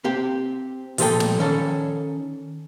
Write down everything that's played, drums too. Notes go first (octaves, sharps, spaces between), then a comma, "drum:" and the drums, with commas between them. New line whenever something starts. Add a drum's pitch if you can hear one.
C4 G4 G5
A#2 F3 F4 G#4 A4 G5, drum: open hi-hat
drum: snare
D#3 C#4 A4